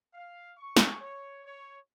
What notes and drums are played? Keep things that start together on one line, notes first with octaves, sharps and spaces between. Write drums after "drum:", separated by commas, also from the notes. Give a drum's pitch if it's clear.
F5
C#6
drum: snare
C#5
C#5